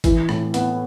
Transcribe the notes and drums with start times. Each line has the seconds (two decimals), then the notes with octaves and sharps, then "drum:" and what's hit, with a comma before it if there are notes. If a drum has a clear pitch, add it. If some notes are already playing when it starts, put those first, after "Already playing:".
0.04 E3, drum: kick G#1, hi-hat
0.29 A2, drum: rim click
0.54 B3, drum: hi-hat